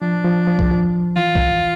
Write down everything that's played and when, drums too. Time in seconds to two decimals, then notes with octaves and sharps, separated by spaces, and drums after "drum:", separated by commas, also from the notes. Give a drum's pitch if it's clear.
0.02 F3 D4
0.25 F3
0.47 F3
0.59 drum: kick B1
0.71 F3
1.16 E3 F4
1.35 drum: kick B1